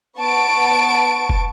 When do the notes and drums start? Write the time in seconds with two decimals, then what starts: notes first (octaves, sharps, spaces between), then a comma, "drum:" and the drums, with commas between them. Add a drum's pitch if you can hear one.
0.17 B3 A5 C#6 D7
1.29 drum: kick